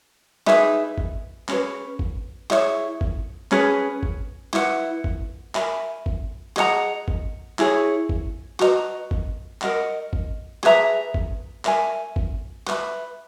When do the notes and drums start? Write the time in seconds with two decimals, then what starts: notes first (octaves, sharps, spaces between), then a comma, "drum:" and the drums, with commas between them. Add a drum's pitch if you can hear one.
0.47 D#4 G#4 B4 E5, drum: clap
0.98 drum: kick
1.48 C#4 G#4 B4, drum: clap
1.99 drum: kick
2.50 E4 G#4 C#5 E5, drum: clap
3.01 drum: kick
3.52 C#4 G#4 B4, drum: clap
4.03 drum: kick
4.53 E4 B4 F#5, drum: clap
5.04 drum: kick
5.55 A#4 E5 G#5 B5, drum: clap
6.06 drum: kick
6.56 G#4 D#5 F#5 A#5, drum: clap
7.08 drum: kick
7.59 E4 G#4 C#5, drum: clap
8.09 drum: kick
8.60 F#4 B4 D#5 A#5, drum: clap
9.11 drum: kick
9.62 A#4 D#5 F#5, drum: clap
10.13 drum: kick
10.63 G#4 B4 E5 A#5, drum: clap
11.14 drum: kick
11.65 A#4 E5 G#5, drum: clap
12.16 drum: kick
12.67 B4 E5 B5, drum: clap